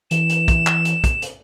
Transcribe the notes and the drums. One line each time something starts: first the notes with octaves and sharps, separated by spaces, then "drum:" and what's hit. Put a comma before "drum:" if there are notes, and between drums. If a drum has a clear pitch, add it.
E3 E7, drum: hi-hat
drum: hi-hat
drum: kick, hi-hat
drum: clap
drum: hi-hat
drum: kick, hi-hat
drum: hi-hat